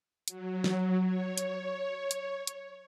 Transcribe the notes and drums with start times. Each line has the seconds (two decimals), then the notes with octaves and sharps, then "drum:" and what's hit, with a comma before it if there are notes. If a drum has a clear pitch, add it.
0.28 F#3, drum: hi-hat
0.64 drum: snare
1.05 C#5
1.38 drum: hi-hat
2.11 drum: hi-hat
2.47 drum: hi-hat